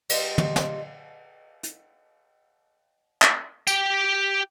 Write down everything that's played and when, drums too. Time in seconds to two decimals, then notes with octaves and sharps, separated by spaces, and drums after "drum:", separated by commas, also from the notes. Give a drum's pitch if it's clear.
0.10 G3 D#4 F4, drum: cymbal
0.38 drum: tom
0.56 drum: snare
1.63 drum: hi-hat
3.22 drum: clap
3.67 G4 G5, drum: tambourine